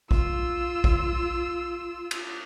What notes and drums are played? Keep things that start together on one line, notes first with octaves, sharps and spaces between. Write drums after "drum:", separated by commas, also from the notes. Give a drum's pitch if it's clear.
F4 E6, drum: kick
drum: kick
drum: cymbal